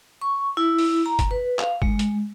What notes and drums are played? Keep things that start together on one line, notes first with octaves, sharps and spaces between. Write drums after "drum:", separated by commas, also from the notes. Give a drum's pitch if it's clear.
C#6
E4
drum: open hi-hat
A#5
drum: kick G1, hi-hat
B4
F5, drum: clap
G#3, drum: kick G1
drum: hi-hat